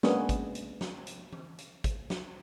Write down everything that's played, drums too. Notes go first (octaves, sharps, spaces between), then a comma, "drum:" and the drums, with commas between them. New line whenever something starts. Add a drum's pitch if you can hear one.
G#3 A#3 B3 C#4 D4 G#4, drum: snare
drum: kick G#1, hi-hat
drum: hi-hat
drum: snare
drum: hi-hat
drum: tom E3
drum: hi-hat
drum: kick G#1, hi-hat
drum: snare